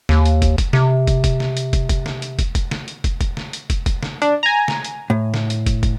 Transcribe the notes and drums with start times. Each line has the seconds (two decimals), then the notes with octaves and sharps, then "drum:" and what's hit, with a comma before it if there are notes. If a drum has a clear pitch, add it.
0.09 D#2, drum: snare
0.25 drum: hi-hat
0.42 drum: kick, hi-hat
0.58 drum: kick, hi-hat
0.73 C3, drum: snare
1.07 drum: kick, hi-hat
1.24 drum: kick, hi-hat
1.40 drum: snare
1.57 drum: hi-hat
1.73 drum: kick, hi-hat
1.89 drum: kick, hi-hat
2.06 drum: snare
2.22 drum: hi-hat
2.39 drum: kick, hi-hat
2.55 drum: kick, hi-hat
2.71 drum: snare
2.88 drum: hi-hat
3.04 drum: kick, hi-hat
3.21 drum: kick, hi-hat
3.37 drum: snare
3.53 drum: hi-hat
3.70 drum: kick, hi-hat
3.86 drum: kick, hi-hat
4.03 drum: snare
4.22 D4, drum: hi-hat
4.43 G#5 A#5
4.68 drum: snare
4.85 drum: hi-hat
5.10 A2
5.34 drum: snare
5.50 drum: hi-hat
5.66 drum: kick, hi-hat
5.83 drum: kick, hi-hat